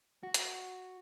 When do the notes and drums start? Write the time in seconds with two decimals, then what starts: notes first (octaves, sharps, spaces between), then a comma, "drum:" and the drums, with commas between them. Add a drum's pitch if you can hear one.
0.23 F#4
0.34 drum: hi-hat